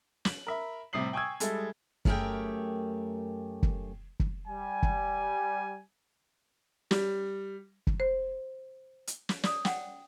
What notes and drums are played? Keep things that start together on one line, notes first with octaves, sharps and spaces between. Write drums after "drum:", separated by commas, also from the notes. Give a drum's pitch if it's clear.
F#7, drum: snare
A#4 E5 B5
A2 C3 G3 D#6 C7 F#7
G5 G#5 C#6 D#6 E6 G#6
G3 G#3 E4 A4, drum: hi-hat
F#2 A3 G4 G#4 A#4 G5, drum: kick
drum: kick
drum: kick
G3 G#5
drum: kick
G3, drum: snare
drum: kick
C5
drum: hi-hat
drum: snare
D5 D#6, drum: snare
F#5 G5, drum: snare